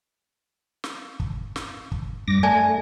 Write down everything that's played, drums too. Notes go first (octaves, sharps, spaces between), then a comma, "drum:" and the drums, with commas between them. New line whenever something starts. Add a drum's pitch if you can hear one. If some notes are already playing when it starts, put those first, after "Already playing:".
drum: snare
drum: kick
drum: snare
drum: kick
G2 D6 A#6
A3 D5 G#5 A5